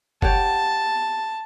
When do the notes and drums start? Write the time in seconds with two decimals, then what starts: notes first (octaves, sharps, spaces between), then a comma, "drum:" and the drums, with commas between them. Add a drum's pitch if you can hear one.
0.22 G4 C#5 F#5 A5, drum: kick F#1